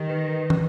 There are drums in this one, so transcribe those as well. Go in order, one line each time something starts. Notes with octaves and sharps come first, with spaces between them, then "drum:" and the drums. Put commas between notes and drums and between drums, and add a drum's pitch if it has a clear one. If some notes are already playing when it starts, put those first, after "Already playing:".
Already playing: D#3 G4
B4
drum: tom